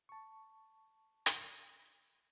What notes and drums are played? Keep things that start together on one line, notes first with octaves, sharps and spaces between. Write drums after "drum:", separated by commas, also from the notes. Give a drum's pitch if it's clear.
A5 C#6
drum: hi-hat